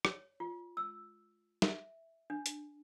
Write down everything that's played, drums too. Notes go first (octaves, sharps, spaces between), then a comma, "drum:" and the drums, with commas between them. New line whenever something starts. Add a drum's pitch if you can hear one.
C#5, drum: rim click
F4
E6
E5, drum: snare
D4
drum: hi-hat